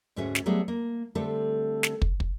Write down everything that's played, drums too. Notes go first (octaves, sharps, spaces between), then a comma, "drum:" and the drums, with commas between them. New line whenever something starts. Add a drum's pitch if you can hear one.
D2 G#2 C#4 F#4 G#4 E5
drum: snare
F#3 G3 A3 B3 G#4
A#3
D3 G3 A3 C4 A4
drum: snare
drum: kick
drum: kick